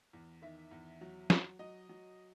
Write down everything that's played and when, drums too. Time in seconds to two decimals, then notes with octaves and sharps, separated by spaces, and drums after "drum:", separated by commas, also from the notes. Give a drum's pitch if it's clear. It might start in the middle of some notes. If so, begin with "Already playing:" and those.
0.13 E2
0.42 D#3 E5
0.71 E2
1.01 F#3
1.30 F#3, drum: snare
1.59 F#3 D#5
1.89 F#3